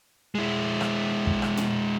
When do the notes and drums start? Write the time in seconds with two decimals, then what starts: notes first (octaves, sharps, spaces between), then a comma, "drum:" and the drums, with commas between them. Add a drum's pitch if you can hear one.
0.35 G#3 E4
0.81 drum: rim click
1.27 drum: kick
1.42 drum: rim click
1.57 drum: tom A#2